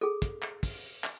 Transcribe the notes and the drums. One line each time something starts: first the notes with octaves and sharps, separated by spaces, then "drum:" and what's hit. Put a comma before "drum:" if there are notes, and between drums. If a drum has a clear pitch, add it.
G#4 A4
drum: kick, hi-hat
drum: clap
drum: kick, open hi-hat
drum: clap